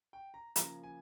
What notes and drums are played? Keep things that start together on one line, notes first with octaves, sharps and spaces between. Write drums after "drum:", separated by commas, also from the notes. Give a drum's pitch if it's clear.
G5
A#5
C#3 F3 A#3 A#5, drum: hi-hat
G#5